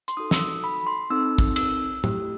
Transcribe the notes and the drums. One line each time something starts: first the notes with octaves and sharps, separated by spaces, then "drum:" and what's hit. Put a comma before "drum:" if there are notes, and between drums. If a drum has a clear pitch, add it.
C6, drum: hi-hat
D#4 F#4 A4 D#6
E6, drum: snare
D#6
B5
C6
C4 D#4 A4 E6
drum: kick
E6, drum: cymbal
A3 E4 G4, drum: tom A2